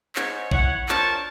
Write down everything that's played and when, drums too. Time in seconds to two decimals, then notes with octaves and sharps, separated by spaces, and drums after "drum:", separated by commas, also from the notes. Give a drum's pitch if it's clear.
0.16 G#2 C#5, drum: clap
0.51 B3 E4 C#5 F#5, drum: kick A#1
0.89 F3 D4 A#4 C#5 A5, drum: clap